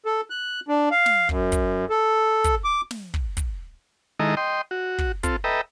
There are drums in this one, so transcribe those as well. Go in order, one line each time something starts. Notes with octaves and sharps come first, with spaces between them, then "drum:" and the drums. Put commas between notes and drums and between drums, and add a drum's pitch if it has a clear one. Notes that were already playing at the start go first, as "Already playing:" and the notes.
A4
F#6
D4
F5
drum: snare
F#2, drum: kick
drum: kick, hi-hat
A4
drum: kick, hi-hat
D6
drum: snare
drum: kick
drum: kick, hi-hat
D#3 G#3 E4 A4 D#5 A#5
D#5 G5 C6
F#4
drum: kick
C4 F4 A4, drum: kick, hi-hat
A4 B4 D#5 E5 G5 A#5